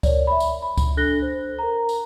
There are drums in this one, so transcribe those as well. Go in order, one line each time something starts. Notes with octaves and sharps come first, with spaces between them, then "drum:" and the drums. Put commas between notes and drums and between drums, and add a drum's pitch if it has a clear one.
A#4 C#5 D5, drum: kick C#2, tambourine
E5 B5
drum: tambourine
B5
drum: kick C#2, tambourine
D4 A4 F#6 A#6 G7
C5
A#4 A#5
drum: tambourine